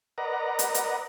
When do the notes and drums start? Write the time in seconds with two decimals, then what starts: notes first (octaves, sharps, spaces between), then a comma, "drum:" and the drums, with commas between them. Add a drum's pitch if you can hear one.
0.18 A#4 B4 D5 D#5 F#5 A#5
0.59 drum: hi-hat
0.74 drum: hi-hat